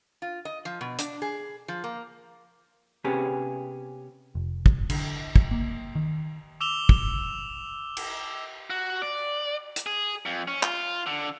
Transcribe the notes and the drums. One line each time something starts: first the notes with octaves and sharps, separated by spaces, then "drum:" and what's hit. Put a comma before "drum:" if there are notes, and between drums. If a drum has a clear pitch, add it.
F4
D#5
F3
B2
D4, drum: hi-hat
G#4
F3
A#3
C3 B3 C#4 G4 G#4
F1
drum: kick
D3, drum: cymbal
drum: kick
A#3
D#3
D6 E6 E7 F7 G7
drum: kick
drum: cymbal
F#4
D5
drum: hi-hat
G#4
F2
C#4
F4, drum: clap
D3